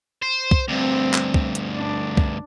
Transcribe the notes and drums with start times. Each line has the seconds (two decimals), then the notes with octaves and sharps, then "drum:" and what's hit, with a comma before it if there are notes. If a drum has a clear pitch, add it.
0.22 C5
0.51 drum: kick
0.69 D2 G2 C4
1.14 drum: clap
1.34 drum: kick
1.55 drum: hi-hat
1.76 D4
2.17 drum: kick